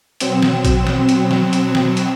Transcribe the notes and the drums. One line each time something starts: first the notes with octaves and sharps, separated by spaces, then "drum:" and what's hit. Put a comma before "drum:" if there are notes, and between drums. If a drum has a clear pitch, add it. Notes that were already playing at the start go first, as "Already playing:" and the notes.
B2 F#3 C4 E7, drum: hi-hat
drum: snare
drum: kick A#1, hi-hat
drum: snare
drum: hi-hat
drum: snare
drum: hi-hat
drum: snare
drum: hi-hat